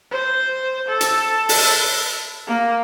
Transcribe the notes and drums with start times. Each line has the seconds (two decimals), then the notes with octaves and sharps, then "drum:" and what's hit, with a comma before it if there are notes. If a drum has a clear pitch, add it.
0.11 C5
0.88 A4
1.01 drum: hi-hat
1.49 drum: open hi-hat
2.47 A#3